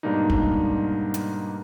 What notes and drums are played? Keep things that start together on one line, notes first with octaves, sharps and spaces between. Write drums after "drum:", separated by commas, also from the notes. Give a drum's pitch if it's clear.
G#2 B2 G3 A#3 D4 D#4
drum: kick
drum: hi-hat